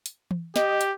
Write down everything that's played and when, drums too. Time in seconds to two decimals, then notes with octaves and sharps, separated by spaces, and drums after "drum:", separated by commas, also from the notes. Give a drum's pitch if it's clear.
0.06 drum: hi-hat
0.31 drum: tom E3
0.56 G4 D#5, drum: snare
0.81 drum: hi-hat